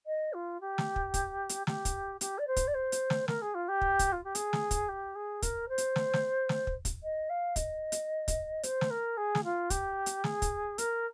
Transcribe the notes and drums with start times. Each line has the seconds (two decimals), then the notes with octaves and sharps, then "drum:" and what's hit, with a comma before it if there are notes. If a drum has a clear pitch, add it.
0.07 D#5
0.33 F4
0.61 G4
0.78 drum: snare
0.96 drum: kick
1.14 drum: kick, hi-hat
1.49 drum: hi-hat
1.67 G4, drum: snare
1.85 drum: kick, hi-hat
2.21 G4, drum: hi-hat
2.38 D5
2.47 C5
2.56 drum: kick, hi-hat
2.67 D5
2.74 C5
2.92 drum: hi-hat
3.10 drum: snare
3.28 A#4, drum: snare
3.42 G#4
3.54 F4
3.68 G4
3.81 drum: kick
3.99 drum: kick, hi-hat
4.12 F4
4.24 G4
4.35 G#4, drum: hi-hat
4.53 drum: snare
4.71 drum: kick, hi-hat
4.89 G4
5.15 G#4
5.42 A#4, drum: kick, hi-hat
5.69 C5
5.78 drum: hi-hat
5.96 drum: snare
6.13 drum: snare
6.49 drum: snare
6.67 drum: kick
6.85 drum: kick, hi-hat
7.03 D#5
7.30 F5
7.56 D#5, drum: kick, hi-hat
7.92 drum: hi-hat
8.28 drum: kick, hi-hat
8.63 C5, drum: hi-hat
8.81 drum: snare
8.90 A#4
9.17 G#4
9.35 drum: snare
9.44 F4
9.70 G4, drum: kick, hi-hat
10.06 drum: hi-hat
10.24 G#4, drum: snare
10.42 drum: kick, hi-hat
10.78 A#4, drum: hi-hat